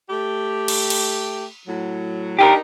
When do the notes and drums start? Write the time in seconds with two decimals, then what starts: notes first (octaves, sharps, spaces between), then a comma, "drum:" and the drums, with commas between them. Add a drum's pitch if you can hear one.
0.10 A3 G4
0.68 drum: cymbal
0.90 drum: cymbal
1.67 A2 F#3
2.39 D4 D#4 G4 G#4 A#4